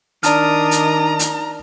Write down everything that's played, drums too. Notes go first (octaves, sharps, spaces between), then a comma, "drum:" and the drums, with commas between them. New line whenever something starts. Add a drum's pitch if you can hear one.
D#3 D4 D5 A5 A#5 D#6 F6, drum: hi-hat
drum: hi-hat
drum: hi-hat